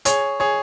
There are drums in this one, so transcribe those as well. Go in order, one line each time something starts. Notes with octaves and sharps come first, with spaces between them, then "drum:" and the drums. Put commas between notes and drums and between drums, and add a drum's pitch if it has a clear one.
G#4 C#5, drum: hi-hat
G#4 C#5